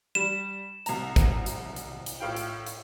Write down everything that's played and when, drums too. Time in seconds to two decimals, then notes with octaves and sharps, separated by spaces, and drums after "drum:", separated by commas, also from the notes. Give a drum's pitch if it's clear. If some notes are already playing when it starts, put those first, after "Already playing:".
0.15 G3 E7
0.86 C2 A#5, drum: hi-hat
1.16 drum: kick, hi-hat
1.46 drum: hi-hat
1.76 drum: hi-hat
2.06 drum: hi-hat
2.20 A2 F4 G5
2.36 drum: hi-hat
2.67 drum: hi-hat